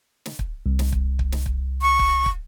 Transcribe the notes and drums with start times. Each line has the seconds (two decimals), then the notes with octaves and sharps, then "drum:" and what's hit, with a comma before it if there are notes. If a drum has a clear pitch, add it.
0.26 drum: snare
0.39 drum: kick
0.66 C2
0.79 drum: snare
0.92 drum: kick
1.19 drum: kick
1.32 drum: snare
1.46 drum: kick
1.82 C#6
1.99 drum: kick
2.26 drum: kick